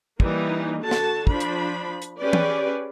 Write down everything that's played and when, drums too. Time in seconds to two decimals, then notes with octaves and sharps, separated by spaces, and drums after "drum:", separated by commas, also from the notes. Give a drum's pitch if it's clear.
0.20 E3 G3 A#3 D#4, drum: kick
0.81 D3 F#4 A4 A5
0.91 drum: snare
1.27 F3 D4 B5, drum: kick
1.40 drum: hi-hat
2.02 drum: hi-hat
2.20 C#4 G4 G#4 B4 D5
2.33 drum: tom E3